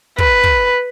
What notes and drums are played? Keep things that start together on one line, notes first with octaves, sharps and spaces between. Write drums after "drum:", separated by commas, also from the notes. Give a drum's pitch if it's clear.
B4, drum: kick
drum: kick